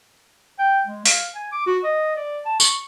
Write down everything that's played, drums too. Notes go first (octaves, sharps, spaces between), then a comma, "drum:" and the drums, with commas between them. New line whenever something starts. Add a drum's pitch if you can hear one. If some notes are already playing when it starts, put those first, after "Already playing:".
G5
G#3
F5, drum: open hi-hat
G#5
D6
F#4
D#5
D5
A5
C#6, drum: tambourine